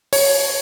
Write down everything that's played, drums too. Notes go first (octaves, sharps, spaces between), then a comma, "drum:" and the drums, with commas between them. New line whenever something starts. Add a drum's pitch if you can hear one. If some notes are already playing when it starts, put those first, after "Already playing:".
C#5, drum: open hi-hat